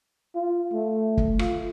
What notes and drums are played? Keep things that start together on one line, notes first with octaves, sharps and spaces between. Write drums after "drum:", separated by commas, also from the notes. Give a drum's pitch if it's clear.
F4
A3
drum: kick
F4, drum: rim click